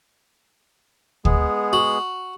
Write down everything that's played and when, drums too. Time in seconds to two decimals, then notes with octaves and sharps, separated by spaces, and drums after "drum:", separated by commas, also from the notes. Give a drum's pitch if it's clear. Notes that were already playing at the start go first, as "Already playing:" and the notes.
1.25 G#3 B3 G#4, drum: kick
1.73 F#4